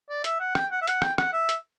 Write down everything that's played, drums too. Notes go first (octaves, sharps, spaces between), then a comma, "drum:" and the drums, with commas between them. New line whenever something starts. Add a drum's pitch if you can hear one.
D5
E5, drum: hi-hat
F#5
G5, drum: rim click
F#5
E5
F#5, drum: hi-hat
G5, drum: rim click
F#5, drum: rim click
E5
drum: hi-hat